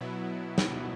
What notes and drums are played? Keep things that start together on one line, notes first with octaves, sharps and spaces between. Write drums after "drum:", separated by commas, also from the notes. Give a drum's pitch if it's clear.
B2 F#3 B3 E4
drum: snare